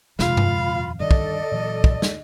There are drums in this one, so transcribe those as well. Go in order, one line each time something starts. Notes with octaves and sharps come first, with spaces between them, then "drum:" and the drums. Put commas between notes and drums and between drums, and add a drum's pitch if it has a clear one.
D#1 F2 C3 G#3 F4 F5 B5, drum: snare
drum: tom G2
G2 D3 D#3 A4 D5 D#5
drum: kick
A#2 E3 F#3
drum: kick
drum: snare